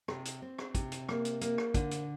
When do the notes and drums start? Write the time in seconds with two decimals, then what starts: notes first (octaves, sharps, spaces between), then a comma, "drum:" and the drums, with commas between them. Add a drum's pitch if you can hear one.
0.08 C3, drum: rim click
0.25 drum: hi-hat
0.42 C4
0.58 drum: rim click
0.75 C3, drum: kick, hi-hat
0.92 drum: hi-hat
1.09 A#3, drum: rim click
1.25 drum: hi-hat
1.41 A#3, drum: hi-hat
1.58 drum: rim click
1.74 D3, drum: kick, hi-hat
1.91 drum: hi-hat